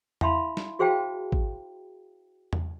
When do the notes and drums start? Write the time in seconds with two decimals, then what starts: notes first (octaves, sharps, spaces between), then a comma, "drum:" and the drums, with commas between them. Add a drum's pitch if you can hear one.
0.21 E4 E5 F5 A5 B5 C6, drum: tom E2
0.57 drum: snare
0.79 F#4 G#4 C5 F5 G5 A5
1.32 drum: kick
2.53 drum: tom E2